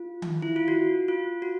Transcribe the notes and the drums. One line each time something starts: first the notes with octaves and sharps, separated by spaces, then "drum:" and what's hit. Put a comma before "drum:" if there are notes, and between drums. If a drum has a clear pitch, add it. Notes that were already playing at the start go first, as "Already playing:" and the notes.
Already playing: F4
drum: tom D#3
E4
F4
F#4
F4
F#4